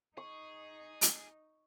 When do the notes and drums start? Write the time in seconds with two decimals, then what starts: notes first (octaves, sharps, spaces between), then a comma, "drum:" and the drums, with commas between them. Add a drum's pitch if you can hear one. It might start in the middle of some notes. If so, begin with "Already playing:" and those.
0.17 D#4 G#4 C#6
1.01 drum: hi-hat